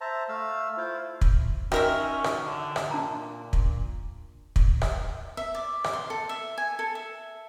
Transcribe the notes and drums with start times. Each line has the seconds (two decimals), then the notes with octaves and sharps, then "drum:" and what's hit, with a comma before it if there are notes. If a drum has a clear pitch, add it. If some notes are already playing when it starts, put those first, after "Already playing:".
0.01 C5 E5 A5 A#5
0.29 A3 F5 E6
0.78 E4 F4 C5 F5
1.21 drum: kick
1.72 D#3 C#4 F#4 A#4 E5, drum: rim click
2.24 drum: rim click
2.43 D3
2.76 drum: rim click
2.91 A#2 D4 A5 A#5
3.53 drum: kick
4.56 drum: kick
4.82 drum: rim click
5.37 E5
5.55 D5
5.84 drum: rim click
5.93 C6
6.10 A4
6.29 E5
6.58 G#5
6.79 A4
6.95 E5